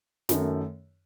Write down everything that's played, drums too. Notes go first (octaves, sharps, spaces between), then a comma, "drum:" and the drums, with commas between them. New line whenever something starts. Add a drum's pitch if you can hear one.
F#2 D#3 A3, drum: snare